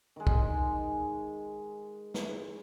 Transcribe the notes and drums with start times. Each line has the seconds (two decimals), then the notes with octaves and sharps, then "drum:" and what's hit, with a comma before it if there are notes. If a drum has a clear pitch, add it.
0.16 D#3 G#3
0.27 drum: kick
2.14 drum: snare